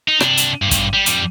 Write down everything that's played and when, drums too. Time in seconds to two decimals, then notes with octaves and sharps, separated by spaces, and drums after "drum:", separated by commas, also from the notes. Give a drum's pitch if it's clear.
0.08 D#4
0.20 C3 D4, drum: rim click
0.37 drum: hi-hat
0.62 G2 B2
0.71 drum: kick, hi-hat
0.93 G3
1.06 F2 G3, drum: hi-hat